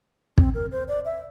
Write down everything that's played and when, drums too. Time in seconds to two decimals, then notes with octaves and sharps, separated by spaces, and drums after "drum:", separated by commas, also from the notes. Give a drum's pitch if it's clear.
0.38 C4, drum: kick
0.54 A#4
0.72 C5
0.88 D5
1.05 E5